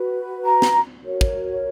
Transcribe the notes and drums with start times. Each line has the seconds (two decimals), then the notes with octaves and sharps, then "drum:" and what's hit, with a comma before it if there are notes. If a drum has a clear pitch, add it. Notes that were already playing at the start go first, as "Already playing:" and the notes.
Already playing: F#4 B4
0.43 A#5
0.62 drum: snare
1.01 F#4 A#4 C#5
1.21 drum: kick